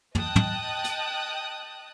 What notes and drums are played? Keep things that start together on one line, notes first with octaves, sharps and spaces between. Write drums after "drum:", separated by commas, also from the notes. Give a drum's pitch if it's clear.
D#5 G5 A5 D#6 F#6, drum: tom
drum: tom
drum: hi-hat